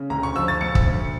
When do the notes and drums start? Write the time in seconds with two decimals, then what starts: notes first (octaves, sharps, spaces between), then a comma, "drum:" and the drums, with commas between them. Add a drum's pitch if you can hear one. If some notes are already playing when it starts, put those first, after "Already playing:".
Already playing: C#3
0.10 D2 A#5
0.23 C#6
0.36 F3 E6
0.48 A6
0.61 D2 C#7
0.75 drum: kick
0.87 D2